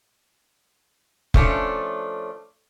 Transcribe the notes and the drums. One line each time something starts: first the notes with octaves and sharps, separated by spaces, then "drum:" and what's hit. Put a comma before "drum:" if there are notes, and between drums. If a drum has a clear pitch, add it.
F3 A3 C#4 D4, drum: kick F1